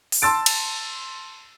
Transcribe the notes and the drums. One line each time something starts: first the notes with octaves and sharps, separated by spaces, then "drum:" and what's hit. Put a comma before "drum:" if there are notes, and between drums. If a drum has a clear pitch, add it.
drum: open hi-hat
A5 C6 E6 A6 D7
drum: cymbal